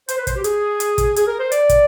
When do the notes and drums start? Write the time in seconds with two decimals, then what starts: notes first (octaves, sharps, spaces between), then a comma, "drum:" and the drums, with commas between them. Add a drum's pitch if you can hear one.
0.09 C5, drum: hi-hat
0.17 B4
0.27 C5, drum: kick, hi-hat
0.36 G4
0.44 G#4, drum: hi-hat
0.80 drum: hi-hat
0.98 drum: kick, hi-hat
1.16 G#4, drum: hi-hat
1.27 A#4
1.40 C5
1.52 D5, drum: hi-hat
1.69 drum: kick, hi-hat